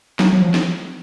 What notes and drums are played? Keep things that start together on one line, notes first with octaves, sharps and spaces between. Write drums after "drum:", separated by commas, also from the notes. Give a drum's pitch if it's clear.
F#3, drum: snare
F#3
F3
drum: snare